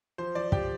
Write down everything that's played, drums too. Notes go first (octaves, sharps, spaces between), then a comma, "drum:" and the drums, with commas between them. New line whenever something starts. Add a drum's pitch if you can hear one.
F3 C5
F3 D5
G4 G5, drum: kick